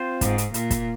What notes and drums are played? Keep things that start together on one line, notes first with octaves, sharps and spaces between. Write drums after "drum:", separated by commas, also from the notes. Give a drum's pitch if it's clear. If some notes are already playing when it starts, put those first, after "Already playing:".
Already playing: C4 F4 C5
G#2, drum: kick, hi-hat
drum: hi-hat
A#2, drum: hi-hat
drum: kick, hi-hat